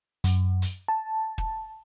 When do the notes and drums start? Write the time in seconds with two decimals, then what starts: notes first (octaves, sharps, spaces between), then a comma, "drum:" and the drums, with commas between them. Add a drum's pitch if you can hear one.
0.24 F#2, drum: hi-hat
0.62 drum: hi-hat
0.88 A5
1.38 drum: kick